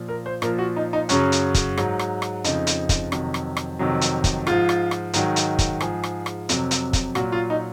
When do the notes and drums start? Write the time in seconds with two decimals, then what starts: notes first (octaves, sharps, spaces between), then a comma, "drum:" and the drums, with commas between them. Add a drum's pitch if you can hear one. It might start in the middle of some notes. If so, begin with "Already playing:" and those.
Already playing: A#2 F3
0.09 A#4
0.26 C5
0.42 A#2 F3 A#4, drum: rim click
0.58 F#4
0.76 D#4
0.93 D#4
1.09 F#2 C#3 F#3 C#4, drum: hi-hat
1.32 drum: hi-hat
1.54 drum: kick, hi-hat
1.77 G#2 F#3, drum: rim click
1.99 drum: rim click
2.22 drum: rim click
2.44 F2 C#3 F3 D#4, drum: hi-hat
2.67 drum: hi-hat
2.89 drum: kick, hi-hat
3.12 F2 C3 D#3 F#3, drum: rim click
3.34 drum: rim click
3.57 drum: rim click
3.79 F2 C3 D#3 F#3
4.01 drum: hi-hat
4.24 drum: kick, hi-hat
4.47 G#2 F3 F4, drum: rim click
4.69 drum: rim click
4.91 drum: rim click
5.13 G#2 D#3 F#3, drum: hi-hat
5.36 drum: hi-hat
5.59 drum: kick, hi-hat
5.80 G#2 F3 G#4, drum: rim click
6.03 drum: rim click
6.26 drum: rim click
6.49 F2 C3 F#3, drum: hi-hat
6.71 drum: hi-hat
6.93 drum: kick, hi-hat
7.15 A#2 F#3 F#4, drum: rim click
7.32 F4
7.50 D#4